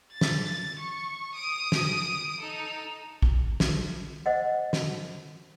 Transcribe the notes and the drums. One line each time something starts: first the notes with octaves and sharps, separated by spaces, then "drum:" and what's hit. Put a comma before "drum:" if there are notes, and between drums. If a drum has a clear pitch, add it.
A6
drum: snare
C#6
D#6 D7
drum: snare
D#4 A4
drum: kick A#1
drum: snare
C5 D#5 F#5
drum: snare